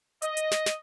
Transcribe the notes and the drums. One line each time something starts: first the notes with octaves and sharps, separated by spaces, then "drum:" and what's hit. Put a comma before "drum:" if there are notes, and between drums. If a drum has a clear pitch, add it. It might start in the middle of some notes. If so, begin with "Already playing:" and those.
D#5, drum: hi-hat
drum: hi-hat
drum: snare
drum: snare